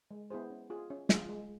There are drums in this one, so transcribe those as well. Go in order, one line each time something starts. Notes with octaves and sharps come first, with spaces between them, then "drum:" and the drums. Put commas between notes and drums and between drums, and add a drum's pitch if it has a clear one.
G#3
B3 E4 G#4 C5
C#4
F4 G#4
C#4
F4 G#4, drum: snare
G#3